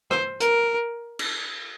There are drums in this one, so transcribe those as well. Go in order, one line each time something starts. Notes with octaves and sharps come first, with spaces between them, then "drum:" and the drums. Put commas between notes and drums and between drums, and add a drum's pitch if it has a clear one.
C5, drum: rim click
A#4, drum: hi-hat
drum: cymbal